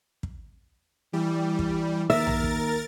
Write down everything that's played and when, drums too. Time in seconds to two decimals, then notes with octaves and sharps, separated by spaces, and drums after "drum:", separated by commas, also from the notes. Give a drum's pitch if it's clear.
0.23 drum: kick
1.13 E3 G3
1.59 drum: kick
2.10 D#2 A#4 E5 A6
2.27 drum: tom A#1
2.44 drum: kick